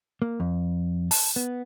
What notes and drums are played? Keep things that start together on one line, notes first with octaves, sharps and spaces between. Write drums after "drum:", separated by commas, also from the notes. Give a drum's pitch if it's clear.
A#3
F2
A5, drum: open hi-hat
B3